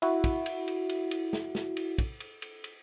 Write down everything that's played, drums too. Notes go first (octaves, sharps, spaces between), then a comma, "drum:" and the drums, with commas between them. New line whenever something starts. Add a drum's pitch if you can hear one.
E4 F#4, drum: cymbal
drum: kick, cymbal
drum: cymbal
drum: cymbal
drum: cymbal
drum: cymbal
drum: snare
drum: snare
drum: cymbal
drum: kick, cymbal
drum: cymbal
drum: cymbal
drum: cymbal